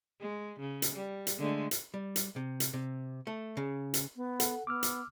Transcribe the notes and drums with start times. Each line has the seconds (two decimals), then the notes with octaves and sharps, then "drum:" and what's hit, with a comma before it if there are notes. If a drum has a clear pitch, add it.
0.20 G#3
0.60 C#3
0.82 drum: hi-hat
0.95 G3
1.27 drum: hi-hat
1.39 D3 G#3 A3
1.71 drum: hi-hat
1.94 G3
2.16 drum: hi-hat
2.36 C3
2.60 drum: hi-hat
2.73 C3
3.27 A3
3.57 C#3
3.94 drum: hi-hat
4.16 B3
4.40 A4 F#5, drum: hi-hat
4.67 B3 D6 E6 F6
4.83 drum: hi-hat